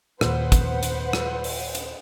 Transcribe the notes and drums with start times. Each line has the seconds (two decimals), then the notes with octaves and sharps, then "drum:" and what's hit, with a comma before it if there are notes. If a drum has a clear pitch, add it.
0.21 D#2 A#2 B4 C5 F#5, drum: rim click
0.52 drum: kick, hi-hat
0.83 drum: hi-hat
1.13 drum: rim click
1.44 drum: open hi-hat
1.75 drum: hi-hat